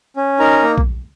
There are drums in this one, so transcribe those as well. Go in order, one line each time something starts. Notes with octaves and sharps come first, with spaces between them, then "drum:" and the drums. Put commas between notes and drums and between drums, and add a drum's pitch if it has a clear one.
C#4
D#4 A#4 A#5
A#3
drum: kick A#1